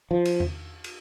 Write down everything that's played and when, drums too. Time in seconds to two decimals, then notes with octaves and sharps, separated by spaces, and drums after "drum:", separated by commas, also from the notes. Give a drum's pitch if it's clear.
0.11 F3
0.25 drum: cymbal
0.40 drum: tom E2
0.84 drum: cymbal